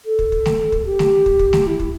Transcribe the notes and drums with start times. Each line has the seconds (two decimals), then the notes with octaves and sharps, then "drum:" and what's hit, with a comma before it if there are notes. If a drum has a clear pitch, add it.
0.05 A4
0.19 drum: kick
0.32 drum: kick
0.46 drum: snare A3
0.72 drum: kick
0.85 G4
0.99 drum: snare A3
1.26 drum: kick
1.39 drum: kick
1.53 drum: snare A3
1.67 E4
1.80 drum: kick